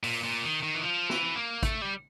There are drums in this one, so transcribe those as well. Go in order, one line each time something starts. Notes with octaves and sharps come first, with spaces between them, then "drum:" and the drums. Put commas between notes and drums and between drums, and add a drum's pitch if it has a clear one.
A#2, drum: open hi-hat
A#2
D#3
D#3
E3
F3
E3, drum: snare
A#3
A3, drum: kick, hi-hat
G3